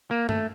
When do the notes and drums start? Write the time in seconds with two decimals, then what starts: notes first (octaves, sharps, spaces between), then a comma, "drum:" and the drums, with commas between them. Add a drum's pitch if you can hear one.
0.11 A#3
0.29 A3, drum: tom G2